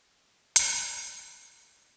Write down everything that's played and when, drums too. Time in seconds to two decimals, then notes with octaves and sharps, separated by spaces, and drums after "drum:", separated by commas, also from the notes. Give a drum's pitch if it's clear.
0.10 D5
0.56 drum: hi-hat
0.68 C#6
1.53 B3 B4 D#5 G6 A6